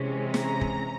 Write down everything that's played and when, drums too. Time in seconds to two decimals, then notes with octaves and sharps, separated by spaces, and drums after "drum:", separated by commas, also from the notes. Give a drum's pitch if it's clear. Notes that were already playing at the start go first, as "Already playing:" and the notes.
Already playing: C3 E3 G#3 C#4
0.34 A#5, drum: snare
0.61 drum: kick